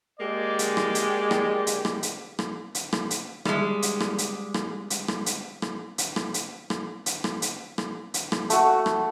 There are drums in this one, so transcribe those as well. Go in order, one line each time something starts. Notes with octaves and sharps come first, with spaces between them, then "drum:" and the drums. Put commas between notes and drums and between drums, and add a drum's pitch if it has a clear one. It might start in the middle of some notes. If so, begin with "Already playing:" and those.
G#3 A#3 G4 D5
drum: hi-hat
drum: rim click
drum: hi-hat
drum: rim click
drum: hi-hat
drum: rim click
drum: hi-hat
drum: rim click
drum: hi-hat
drum: rim click
drum: hi-hat
G3 G#3, drum: rim click
drum: hi-hat
drum: rim click
drum: hi-hat
drum: rim click
drum: hi-hat
drum: rim click
drum: hi-hat
drum: rim click
drum: hi-hat
drum: rim click
drum: hi-hat
drum: rim click
drum: hi-hat
drum: rim click
drum: hi-hat
drum: rim click
drum: hi-hat
drum: rim click
A3 F#4, drum: hi-hat
drum: rim click